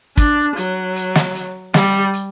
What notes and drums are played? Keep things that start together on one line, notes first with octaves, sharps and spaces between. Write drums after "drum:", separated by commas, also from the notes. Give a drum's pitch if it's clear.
D4, drum: kick, hi-hat
F#3, drum: hi-hat
drum: hi-hat
drum: snare
drum: hi-hat
G3, drum: snare
drum: hi-hat